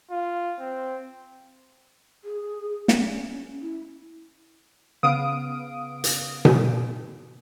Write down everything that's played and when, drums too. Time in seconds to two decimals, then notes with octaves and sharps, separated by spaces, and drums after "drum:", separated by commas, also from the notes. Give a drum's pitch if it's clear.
0.11 F4
0.59 C4
2.24 G#4
2.88 C#4, drum: snare
3.62 E4
5.03 C#3 B3 F5 D#6 D7
6.04 drum: hi-hat
6.45 drum: tom B2